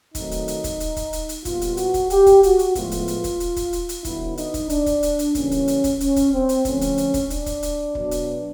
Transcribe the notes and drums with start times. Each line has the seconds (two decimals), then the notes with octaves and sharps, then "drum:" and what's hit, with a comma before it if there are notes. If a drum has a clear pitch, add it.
0.15 D#3 F#3 A3 C4 D#4, drum: kick, hi-hat
0.31 drum: hi-hat
0.48 drum: hi-hat
0.64 drum: kick, hi-hat
0.80 drum: hi-hat
0.96 drum: kick, hi-hat
1.13 drum: hi-hat
1.29 drum: hi-hat
1.45 A#2 G3 B3 F4, drum: kick, hi-hat
1.61 drum: hi-hat
1.77 F#4, drum: hi-hat
1.94 drum: kick, hi-hat
2.10 G4, drum: hi-hat
2.26 drum: kick, hi-hat
2.43 F#4, drum: hi-hat
2.59 drum: hi-hat
2.75 A2 F3 G#3 B3 F4, drum: kick, hi-hat
2.91 drum: hi-hat
3.08 drum: hi-hat
3.24 drum: kick, hi-hat
3.40 drum: hi-hat
3.56 drum: kick, hi-hat
3.73 drum: hi-hat
3.89 drum: hi-hat
4.05 D3 F#3 B3 E4, drum: kick, hi-hat
4.37 D#4, drum: hi-hat
4.54 drum: kick, hi-hat
4.70 D4, drum: hi-hat
4.86 drum: kick, hi-hat
5.03 drum: hi-hat
5.19 drum: hi-hat
5.35 C#3 E3 G3 A#3 C#4, drum: kick, hi-hat
5.51 drum: hi-hat
5.68 drum: hi-hat
5.84 drum: kick, hi-hat
6.00 C#4, drum: hi-hat
6.16 drum: kick, hi-hat
6.33 C4
6.49 drum: hi-hat
6.65 D3 F3 A3 C4 C#4, drum: kick, hi-hat
6.81 drum: hi-hat
6.98 drum: hi-hat
7.14 drum: kick, hi-hat
7.30 D4, drum: hi-hat
7.46 drum: kick, hi-hat
7.63 drum: hi-hat
7.95 B2 F#3 B3, drum: kick
8.11 drum: hi-hat